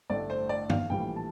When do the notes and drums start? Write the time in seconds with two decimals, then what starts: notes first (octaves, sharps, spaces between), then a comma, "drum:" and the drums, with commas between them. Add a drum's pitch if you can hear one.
0.10 A1 G2 D3 A3 D4 D5
0.30 C5
0.49 D5
0.70 F5, drum: tom G2
0.90 A#1 A2 E3 G3 G5
1.16 A5